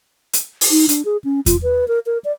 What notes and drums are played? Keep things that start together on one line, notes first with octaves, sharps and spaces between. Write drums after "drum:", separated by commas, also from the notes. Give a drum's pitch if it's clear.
drum: hi-hat
drum: open hi-hat
D#4
D4, drum: hi-hat
G#4
C#4
F4, drum: kick E2, hi-hat
B4
A#4
A#4
D5